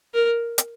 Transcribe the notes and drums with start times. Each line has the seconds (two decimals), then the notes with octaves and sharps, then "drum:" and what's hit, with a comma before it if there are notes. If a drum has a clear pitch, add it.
0.14 A#4
0.58 drum: hi-hat